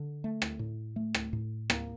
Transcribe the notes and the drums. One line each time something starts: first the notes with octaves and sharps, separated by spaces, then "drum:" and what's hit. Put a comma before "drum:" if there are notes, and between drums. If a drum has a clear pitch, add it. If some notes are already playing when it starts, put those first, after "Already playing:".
Already playing: D3
A3
drum: rim click
A2
A3
drum: rim click
A2
A#3, drum: rim click